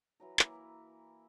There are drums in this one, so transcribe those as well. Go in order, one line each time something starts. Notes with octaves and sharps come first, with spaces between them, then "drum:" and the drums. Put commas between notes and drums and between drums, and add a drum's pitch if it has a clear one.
E3 F#3 A#4
E3 A#3 E4, drum: clap